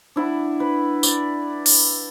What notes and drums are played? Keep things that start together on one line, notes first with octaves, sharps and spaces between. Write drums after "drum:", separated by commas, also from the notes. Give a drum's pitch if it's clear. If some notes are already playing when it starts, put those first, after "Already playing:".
D4 E4 F#5
B4
D5, drum: tambourine
drum: open hi-hat